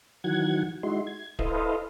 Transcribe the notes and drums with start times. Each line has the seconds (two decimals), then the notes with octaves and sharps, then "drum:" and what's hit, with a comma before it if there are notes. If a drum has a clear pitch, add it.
0.24 D#3 E3 F#3 F#5 G#6
0.83 G#3 D#4 E4 F#4 C6
1.07 G#6
1.39 E4 A4 B4 C5 D#5 F5, drum: kick D1